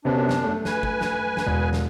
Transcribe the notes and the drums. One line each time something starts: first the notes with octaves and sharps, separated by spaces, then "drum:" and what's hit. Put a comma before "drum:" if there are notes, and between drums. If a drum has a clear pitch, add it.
F#2 C3 B3 C#4 D4
drum: snare
A3
B4 G#5, drum: snare
drum: kick
drum: snare
drum: snare
E1
drum: snare